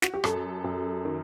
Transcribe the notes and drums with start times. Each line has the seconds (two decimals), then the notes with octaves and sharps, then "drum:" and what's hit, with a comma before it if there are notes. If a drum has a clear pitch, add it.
0.02 F#4, drum: snare
0.14 G4
0.24 F#2 A4, drum: rim click
0.64 F#2
1.05 D#3